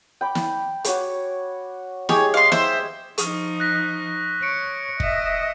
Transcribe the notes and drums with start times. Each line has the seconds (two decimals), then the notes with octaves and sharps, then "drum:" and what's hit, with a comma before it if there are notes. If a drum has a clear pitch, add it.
0.21 G5 B5 D6
0.35 drum: snare
0.84 F#4 C#5 D6, drum: hi-hat
2.09 G#3 G4 G#4 C#5, drum: snare
2.34 D#5 F5 C6 C#6
2.52 C5 E5, drum: snare
3.18 F3 D#4 C#6 D#6 F6, drum: hi-hat
3.60 F#6 A#6 B6
4.43 C#5 C#7 D7
5.00 D#5 E5, drum: kick